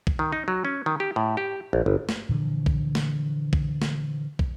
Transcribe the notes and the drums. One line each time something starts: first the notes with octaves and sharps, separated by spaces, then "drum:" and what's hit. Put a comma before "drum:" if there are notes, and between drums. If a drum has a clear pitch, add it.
drum: kick
D#3
D#4
F#3
C#4
D#3
G4
A2
G4
A#1
G1
drum: snare
A#2 D3 E3 F3
drum: kick
drum: snare
drum: kick
drum: snare
drum: kick